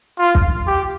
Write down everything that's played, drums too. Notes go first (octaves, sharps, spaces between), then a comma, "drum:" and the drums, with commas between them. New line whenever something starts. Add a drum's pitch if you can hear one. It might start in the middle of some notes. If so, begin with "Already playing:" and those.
F4
drum: kick
G4